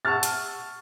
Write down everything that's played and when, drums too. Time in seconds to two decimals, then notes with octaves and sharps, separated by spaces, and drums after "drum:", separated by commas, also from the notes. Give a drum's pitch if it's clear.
0.05 F#5 A5 C#6 E6 F6 A6
0.23 drum: hi-hat